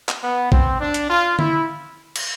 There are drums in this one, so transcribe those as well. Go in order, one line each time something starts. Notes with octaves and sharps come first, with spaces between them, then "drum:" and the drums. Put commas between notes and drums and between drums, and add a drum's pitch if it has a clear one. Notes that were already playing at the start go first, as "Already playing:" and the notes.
drum: clap
B3
C4, drum: kick A#1
D4
drum: hi-hat
F4
E4, drum: tom D3
drum: cymbal